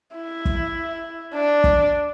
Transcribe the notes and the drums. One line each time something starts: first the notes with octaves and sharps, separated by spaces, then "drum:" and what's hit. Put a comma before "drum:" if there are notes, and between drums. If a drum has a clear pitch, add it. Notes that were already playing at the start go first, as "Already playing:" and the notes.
E4
drum: kick
D4
drum: kick